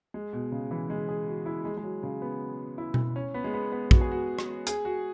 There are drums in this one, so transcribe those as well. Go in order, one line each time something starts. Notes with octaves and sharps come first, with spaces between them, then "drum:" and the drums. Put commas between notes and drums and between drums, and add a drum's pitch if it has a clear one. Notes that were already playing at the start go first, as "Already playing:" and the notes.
G#3
B2
C#3
E3
G#3
G#4
F#4
E4
G#3
G#3
F#3
C#3
B3
E4
drum: tom B2
C#4
B3
G#3
B3
B3
F#4, drum: kick
G#4
F#4
drum: rim click
G#4, drum: hi-hat
F#4